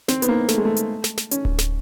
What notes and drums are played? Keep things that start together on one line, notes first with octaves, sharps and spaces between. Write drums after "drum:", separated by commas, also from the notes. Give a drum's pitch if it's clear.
C4, drum: snare
B3, drum: hi-hat
A#3
A3, drum: snare
G#3
A3
drum: hi-hat
drum: snare
drum: snare
C#4, drum: hi-hat
drum: kick D1
drum: snare